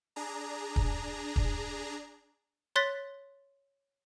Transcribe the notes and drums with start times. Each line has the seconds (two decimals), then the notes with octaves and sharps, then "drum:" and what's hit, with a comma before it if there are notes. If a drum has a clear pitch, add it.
0.16 D4 G#4 A#5
0.76 drum: kick
1.36 drum: kick
2.76 C#5 C6 F#6 A6 B6